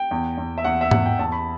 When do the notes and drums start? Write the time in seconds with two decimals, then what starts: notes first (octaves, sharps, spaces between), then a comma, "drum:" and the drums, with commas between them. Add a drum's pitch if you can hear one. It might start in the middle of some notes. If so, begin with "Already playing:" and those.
Already playing: G5
0.11 E2
0.37 E2
0.58 E5
0.64 E2 F#5
0.81 E5
0.91 E2 F#5, drum: tom G#2
1.06 G5
1.19 E2 A5
1.32 B5